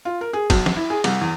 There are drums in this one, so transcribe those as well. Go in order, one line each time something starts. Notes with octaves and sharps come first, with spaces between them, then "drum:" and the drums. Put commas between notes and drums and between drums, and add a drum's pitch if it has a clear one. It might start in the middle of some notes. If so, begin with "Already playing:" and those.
F4
A#4
G#4
B1, drum: kick, cymbal
drum: snare
E4
G#4
C2, drum: cymbal
E2